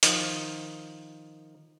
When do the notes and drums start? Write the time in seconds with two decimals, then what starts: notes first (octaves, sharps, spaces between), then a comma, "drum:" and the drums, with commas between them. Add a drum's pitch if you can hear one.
0.03 D#3 F3, drum: hi-hat